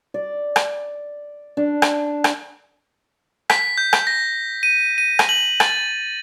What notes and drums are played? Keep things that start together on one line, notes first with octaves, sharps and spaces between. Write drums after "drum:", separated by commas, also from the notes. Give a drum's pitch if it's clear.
D5
drum: rim click
D4
drum: rim click
drum: rim click
B6, drum: rim click
G6
drum: rim click
A#6
D#7
D#7
drum: rim click
F#7
A6, drum: rim click